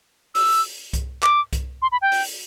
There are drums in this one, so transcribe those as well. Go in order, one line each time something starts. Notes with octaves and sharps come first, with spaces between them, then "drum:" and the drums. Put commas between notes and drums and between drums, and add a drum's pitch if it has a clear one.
E6, drum: open hi-hat
drum: kick C2, hi-hat
D6, drum: clap
drum: kick C2, hi-hat
C6
B5
G5
drum: open hi-hat